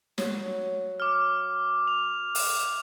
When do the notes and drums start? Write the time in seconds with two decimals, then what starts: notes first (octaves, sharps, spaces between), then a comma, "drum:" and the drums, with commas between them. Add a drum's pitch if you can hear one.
0.18 F#3, drum: snare
1.00 D6 F6
1.87 F7
2.35 drum: open hi-hat